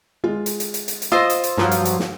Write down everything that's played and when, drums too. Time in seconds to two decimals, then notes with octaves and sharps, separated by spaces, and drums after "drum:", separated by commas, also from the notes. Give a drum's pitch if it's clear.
0.24 G#3 F4
0.46 drum: hi-hat
0.60 drum: hi-hat
0.74 drum: hi-hat
0.88 drum: hi-hat
1.02 drum: hi-hat
1.12 F4 C5 D#5 E6
1.30 drum: hi-hat
1.44 drum: hi-hat
1.57 G2 F3 F#3 A#5, drum: snare
1.71 drum: hi-hat
1.85 drum: hi-hat
1.99 drum: snare